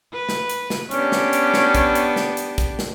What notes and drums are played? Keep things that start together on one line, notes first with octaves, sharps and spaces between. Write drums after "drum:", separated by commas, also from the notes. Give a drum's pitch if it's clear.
B4
drum: snare
drum: hi-hat
drum: snare
B3 C#4 D4 G4, drum: hi-hat
drum: snare
drum: hi-hat
drum: snare
drum: kick, hi-hat
drum: hi-hat
drum: snare
drum: hi-hat
drum: kick, hi-hat
drum: snare